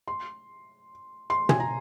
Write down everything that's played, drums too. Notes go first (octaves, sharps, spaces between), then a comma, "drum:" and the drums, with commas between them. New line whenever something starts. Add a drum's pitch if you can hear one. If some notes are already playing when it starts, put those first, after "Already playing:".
C6
C6
G#5, drum: tom
A#5